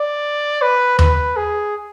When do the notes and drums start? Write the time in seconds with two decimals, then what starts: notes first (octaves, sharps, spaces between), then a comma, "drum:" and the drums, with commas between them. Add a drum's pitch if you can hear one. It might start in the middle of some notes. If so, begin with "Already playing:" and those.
Already playing: D5
0.62 B4
0.99 B4, drum: tom D#2
1.36 G#4